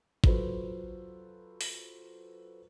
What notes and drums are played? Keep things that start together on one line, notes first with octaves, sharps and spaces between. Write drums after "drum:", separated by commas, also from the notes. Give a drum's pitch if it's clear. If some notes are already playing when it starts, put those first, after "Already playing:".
F#3 F4 A4 B4 C5, drum: kick G#1
drum: open hi-hat